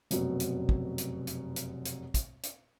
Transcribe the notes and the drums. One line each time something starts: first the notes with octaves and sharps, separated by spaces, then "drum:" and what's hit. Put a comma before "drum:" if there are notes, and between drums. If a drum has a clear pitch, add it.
F1 F#2 B2, drum: hi-hat
drum: hi-hat
drum: kick
drum: hi-hat
drum: hi-hat
drum: hi-hat
drum: hi-hat
drum: kick, hi-hat
drum: hi-hat